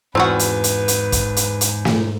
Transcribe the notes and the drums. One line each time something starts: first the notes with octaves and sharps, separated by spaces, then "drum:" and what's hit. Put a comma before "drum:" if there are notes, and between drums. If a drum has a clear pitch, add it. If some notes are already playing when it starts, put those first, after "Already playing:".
E2 G#2 C4 F4 F#4 B4
drum: hi-hat
drum: hi-hat
drum: hi-hat
drum: kick, hi-hat
drum: hi-hat
drum: hi-hat
drum: snare